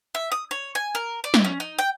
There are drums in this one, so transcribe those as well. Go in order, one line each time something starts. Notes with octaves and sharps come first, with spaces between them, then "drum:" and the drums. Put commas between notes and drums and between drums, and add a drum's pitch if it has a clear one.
E5
D#6
C#5
G#5
A#4
D5
drum: snare
C#4
D#4
G5